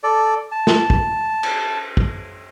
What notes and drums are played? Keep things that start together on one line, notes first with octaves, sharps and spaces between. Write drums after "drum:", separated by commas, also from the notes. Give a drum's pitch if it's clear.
A4 D5
A5
drum: snare
drum: kick
drum: cymbal
drum: kick